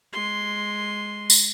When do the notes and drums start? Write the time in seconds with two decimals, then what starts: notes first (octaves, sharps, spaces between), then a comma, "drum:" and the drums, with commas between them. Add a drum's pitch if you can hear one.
0.13 G#3 C6
1.30 drum: tambourine